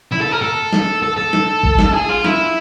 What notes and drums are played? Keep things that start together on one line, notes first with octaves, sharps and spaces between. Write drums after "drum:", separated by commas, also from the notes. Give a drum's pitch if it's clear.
E4
A4
A#4
A4
drum: snare
A4
A4
drum: snare
drum: kick
drum: snare
G#4
F4
E4, drum: snare